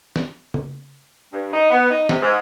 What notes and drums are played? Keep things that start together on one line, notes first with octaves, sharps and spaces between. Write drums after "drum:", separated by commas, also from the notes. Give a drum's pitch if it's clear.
drum: snare
drum: tom C#3
G2
D#4
B3
D#4
C3, drum: snare
G#2